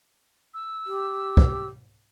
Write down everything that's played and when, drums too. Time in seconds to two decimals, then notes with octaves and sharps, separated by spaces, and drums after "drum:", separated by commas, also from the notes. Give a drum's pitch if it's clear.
0.54 E6
0.87 G4
1.37 drum: kick